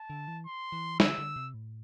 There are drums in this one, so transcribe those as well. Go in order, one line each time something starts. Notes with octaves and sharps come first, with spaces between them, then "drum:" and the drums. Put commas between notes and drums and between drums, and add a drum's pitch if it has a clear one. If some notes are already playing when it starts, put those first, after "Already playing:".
Already playing: A5
D3
E3
C6
E3
D3 E6, drum: snare
D3
C3
A2